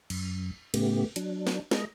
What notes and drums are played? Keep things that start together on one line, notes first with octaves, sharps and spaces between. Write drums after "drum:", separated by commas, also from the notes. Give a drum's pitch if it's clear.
F#2, drum: cymbal
A2 C#3 A3 B3 G4, drum: cymbal
F#3 D4, drum: hi-hat
drum: snare
G#3 D#5 A#5, drum: snare